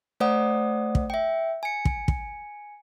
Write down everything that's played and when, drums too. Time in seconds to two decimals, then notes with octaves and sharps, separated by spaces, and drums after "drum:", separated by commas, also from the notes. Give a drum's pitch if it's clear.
0.20 A3 C5 D5 F#5 D#6
0.95 drum: kick
1.10 E5 G5
1.63 G#5 C#7
1.85 drum: kick
2.08 drum: kick